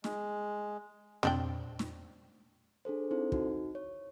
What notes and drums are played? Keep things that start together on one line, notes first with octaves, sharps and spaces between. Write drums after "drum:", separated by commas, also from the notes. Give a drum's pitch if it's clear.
G#3, drum: snare
C4 D4 G5, drum: tom
drum: snare
D4 G#4 A4 C5
C4 D#4 E4 A4 C5
D#4 F#4, drum: kick
C#5